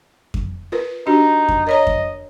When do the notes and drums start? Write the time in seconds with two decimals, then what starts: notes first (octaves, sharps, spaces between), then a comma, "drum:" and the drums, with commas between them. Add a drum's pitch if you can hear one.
0.34 drum: kick F2
0.72 F4 A#4 B4
1.07 D4 D#4 F#4 G4
1.48 drum: kick F2
1.67 A#4 C#5 D#5 A#5
1.87 drum: kick F2